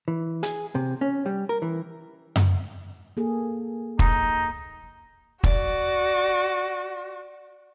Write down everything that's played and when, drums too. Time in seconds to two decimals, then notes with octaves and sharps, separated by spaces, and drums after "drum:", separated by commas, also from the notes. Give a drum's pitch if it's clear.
0.08 E3
0.43 G#4, drum: hi-hat
0.75 C3
1.01 C#4
1.26 G3
1.49 A#4
1.62 E3
2.36 drum: tom F#2
3.17 A#3 G#4 A4
3.99 D#4, drum: kick
5.44 F#4 D5, drum: kick